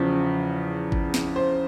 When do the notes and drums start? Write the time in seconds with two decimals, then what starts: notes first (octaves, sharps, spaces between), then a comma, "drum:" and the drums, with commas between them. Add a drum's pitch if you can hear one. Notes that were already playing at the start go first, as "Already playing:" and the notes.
Already playing: E2 C#3 F3
0.92 drum: kick G#1
1.14 drum: snare
1.36 C5